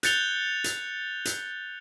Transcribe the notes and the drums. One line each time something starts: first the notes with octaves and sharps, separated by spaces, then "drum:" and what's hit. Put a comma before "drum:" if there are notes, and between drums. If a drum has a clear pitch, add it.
F#6 G6 A6 C#7 F7 G7, drum: hi-hat
drum: hi-hat
drum: hi-hat